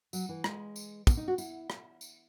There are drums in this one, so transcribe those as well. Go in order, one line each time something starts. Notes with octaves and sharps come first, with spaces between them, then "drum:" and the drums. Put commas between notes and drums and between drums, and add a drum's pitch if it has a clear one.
F#3, drum: tambourine
E3
G#3, drum: rim click
drum: tambourine
B3, drum: kick, tambourine
D#4
F#4
E4, drum: tambourine
drum: rim click
drum: tambourine